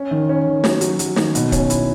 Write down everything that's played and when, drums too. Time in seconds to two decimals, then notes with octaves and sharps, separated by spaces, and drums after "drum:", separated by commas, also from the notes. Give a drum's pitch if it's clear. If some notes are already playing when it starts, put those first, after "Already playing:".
Already playing: C#4
0.11 D#3
0.29 C#4
0.47 D#3
0.64 F#3, drum: snare
0.81 F#3, drum: hi-hat
0.99 F#3, drum: hi-hat
1.16 D#3, drum: snare
1.35 B2, drum: hi-hat
1.52 C#4, drum: kick, hi-hat
1.70 E4, drum: hi-hat